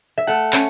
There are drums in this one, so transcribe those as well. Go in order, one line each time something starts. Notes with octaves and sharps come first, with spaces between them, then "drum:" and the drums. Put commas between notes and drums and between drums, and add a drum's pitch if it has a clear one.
E5
A3 F#5
C#4, drum: clap